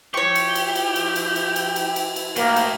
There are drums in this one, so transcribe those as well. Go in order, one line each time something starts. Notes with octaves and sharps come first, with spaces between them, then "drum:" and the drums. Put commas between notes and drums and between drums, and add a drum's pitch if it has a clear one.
F3 E4 G4 C#5 C#6
drum: cymbal
drum: cymbal
drum: cymbal
drum: cymbal
drum: cymbal
drum: cymbal
drum: cymbal
drum: cymbal
drum: cymbal
drum: cymbal
A2 A#3 D#4, drum: cymbal
drum: cymbal